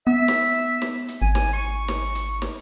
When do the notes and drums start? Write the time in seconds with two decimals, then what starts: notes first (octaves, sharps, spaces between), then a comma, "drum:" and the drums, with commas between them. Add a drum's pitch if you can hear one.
0.07 B3 E5
0.28 drum: snare
0.82 drum: snare
1.08 drum: hi-hat
1.22 G#1 G#5
1.35 drum: snare
1.53 C#6
1.88 drum: snare
2.15 drum: hi-hat
2.42 drum: snare